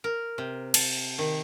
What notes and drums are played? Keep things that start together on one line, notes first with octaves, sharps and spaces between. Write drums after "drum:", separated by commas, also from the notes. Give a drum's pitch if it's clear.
A#4
C3
A5, drum: cymbal
D#3